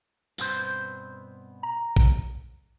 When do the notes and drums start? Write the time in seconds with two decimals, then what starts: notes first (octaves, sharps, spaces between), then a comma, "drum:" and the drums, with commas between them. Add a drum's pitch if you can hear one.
0.38 G2 B2 B3 C4 G#4 C5, drum: tambourine
1.63 A#5
1.96 drum: kick A#1